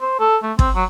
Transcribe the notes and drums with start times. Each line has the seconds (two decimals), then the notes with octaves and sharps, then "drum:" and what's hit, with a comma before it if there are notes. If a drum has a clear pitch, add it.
0.01 C5
0.19 A4
0.43 A3
0.59 C4, drum: kick
0.75 F#3